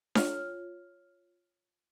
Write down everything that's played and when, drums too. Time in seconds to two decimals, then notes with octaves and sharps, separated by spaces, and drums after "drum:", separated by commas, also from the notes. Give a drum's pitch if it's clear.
0.15 F4 C#5 F6, drum: snare D4